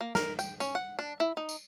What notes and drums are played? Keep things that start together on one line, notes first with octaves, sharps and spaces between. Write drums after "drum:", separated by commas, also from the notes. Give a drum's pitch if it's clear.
A#3
A#4, drum: snare
G5, drum: tambourine
C#4, drum: tambourine
F#5
D4
E4
D#4
drum: tambourine